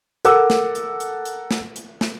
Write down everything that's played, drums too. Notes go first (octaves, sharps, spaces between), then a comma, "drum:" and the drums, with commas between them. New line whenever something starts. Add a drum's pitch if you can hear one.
A4 A#4 F#5 D6 E6, drum: hi-hat
drum: snare
drum: hi-hat
drum: hi-hat
drum: hi-hat
drum: snare
drum: hi-hat
drum: snare